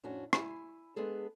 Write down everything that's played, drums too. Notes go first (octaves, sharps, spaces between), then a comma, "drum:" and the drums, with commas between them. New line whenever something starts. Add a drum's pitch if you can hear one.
F2 A2 C#4 D4 F#4
E4 G#5, drum: rim click
G#3 B3 D4 G#4 A4